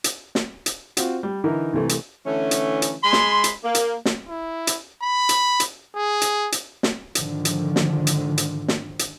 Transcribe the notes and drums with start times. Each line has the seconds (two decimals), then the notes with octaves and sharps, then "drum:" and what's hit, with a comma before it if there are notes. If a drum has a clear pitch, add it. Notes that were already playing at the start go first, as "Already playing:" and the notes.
0.04 drum: hi-hat
0.35 drum: snare
0.66 drum: hi-hat
0.97 C4 F4 F#4, drum: hi-hat
1.23 G3
1.44 D3 E3 D#4 E4 A#4
1.73 C2 C3 E3 A3
1.89 drum: hi-hat
2.25 D3 E3 A3 C#4
2.51 drum: hi-hat
2.82 drum: hi-hat
3.02 G#3 B5 C6
3.13 drum: snare
3.44 drum: hi-hat
3.64 A#3
3.75 drum: hi-hat
4.05 drum: snare
4.29 E4
4.67 drum: hi-hat
5.02 B5
5.29 drum: hi-hat
5.60 drum: hi-hat
5.96 G#4
6.21 drum: hi-hat
6.52 drum: hi-hat
6.83 drum: snare
7.15 G#2 D3 D#3 F3, drum: hi-hat
7.45 drum: hi-hat
7.76 drum: snare
8.07 drum: hi-hat
8.38 drum: hi-hat
8.68 drum: snare
8.99 drum: hi-hat